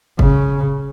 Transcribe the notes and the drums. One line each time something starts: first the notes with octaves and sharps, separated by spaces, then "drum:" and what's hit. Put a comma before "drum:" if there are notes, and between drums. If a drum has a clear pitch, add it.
C#3, drum: kick F#1